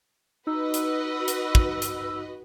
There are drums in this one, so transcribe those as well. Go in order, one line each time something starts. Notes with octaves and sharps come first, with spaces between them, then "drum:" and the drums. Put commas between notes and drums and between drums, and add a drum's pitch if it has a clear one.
D#4 F#4 B4 D#5 E6
drum: hi-hat
drum: hi-hat
drum: kick
drum: hi-hat